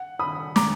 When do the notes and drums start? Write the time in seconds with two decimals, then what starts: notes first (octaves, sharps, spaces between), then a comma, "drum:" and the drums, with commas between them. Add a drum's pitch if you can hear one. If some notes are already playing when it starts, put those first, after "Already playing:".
Already playing: F#5
0.19 B5 D#6
0.56 A#5 D6, drum: snare